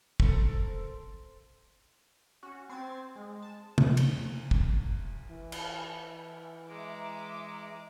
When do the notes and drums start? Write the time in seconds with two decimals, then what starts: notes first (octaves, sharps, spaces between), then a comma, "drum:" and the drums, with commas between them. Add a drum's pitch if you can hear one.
0.20 C4 A4 A#4, drum: kick
2.43 C#4 F#4
2.69 C4 G#6 A6 C7
3.16 G#3
3.42 A5
3.78 F3, drum: tom
3.97 drum: cymbal
4.51 drum: kick
5.28 E3
5.52 drum: cymbal
6.69 G#3 E5 A#5 D6